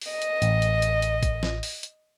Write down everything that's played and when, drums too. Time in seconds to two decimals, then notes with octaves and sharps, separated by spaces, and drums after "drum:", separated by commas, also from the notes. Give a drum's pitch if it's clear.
0.01 drum: open hi-hat
0.11 D#5
0.22 drum: hi-hat
0.42 A1, drum: hi-hat
0.62 drum: hi-hat
0.82 drum: hi-hat
1.02 drum: hi-hat
1.23 drum: kick A#1, hi-hat
1.43 drum: snare
1.63 drum: open hi-hat
1.83 drum: hi-hat